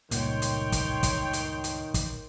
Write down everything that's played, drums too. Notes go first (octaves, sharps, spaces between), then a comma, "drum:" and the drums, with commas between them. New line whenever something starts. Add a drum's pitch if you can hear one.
C#2 G2 A#2 D#3 C#5 G5 C6, drum: hi-hat
drum: hi-hat
drum: kick, hi-hat
drum: kick, hi-hat
drum: hi-hat
drum: hi-hat
drum: kick, hi-hat